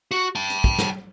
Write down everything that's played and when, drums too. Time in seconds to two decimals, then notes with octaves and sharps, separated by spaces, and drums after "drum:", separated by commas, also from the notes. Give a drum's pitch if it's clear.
0.11 F#4
0.36 G5 A5
0.50 drum: hi-hat
0.64 drum: kick
0.78 drum: snare